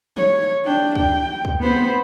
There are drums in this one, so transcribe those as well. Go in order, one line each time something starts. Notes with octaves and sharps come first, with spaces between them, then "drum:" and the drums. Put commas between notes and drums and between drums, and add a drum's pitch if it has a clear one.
C#5, drum: tom E3
D4 G5
G5, drum: kick C#2
drum: kick C#2
B3 C4 C5 B5